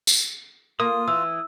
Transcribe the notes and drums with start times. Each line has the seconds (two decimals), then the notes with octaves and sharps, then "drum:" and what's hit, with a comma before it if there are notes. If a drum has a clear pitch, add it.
0.07 drum: tambourine
0.80 A#3 F4 D#6
1.08 E3 E6